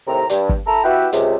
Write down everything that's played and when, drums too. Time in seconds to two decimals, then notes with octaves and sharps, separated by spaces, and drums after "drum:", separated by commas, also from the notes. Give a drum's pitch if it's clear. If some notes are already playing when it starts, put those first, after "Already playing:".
0.07 D#2 A2 C3 C4 A#5
0.30 G2, drum: hi-hat
0.49 drum: kick
0.67 E4 A4 A#5
0.84 B3 E4 F#4 G4 B4 E5
1.13 C#2 C3, drum: hi-hat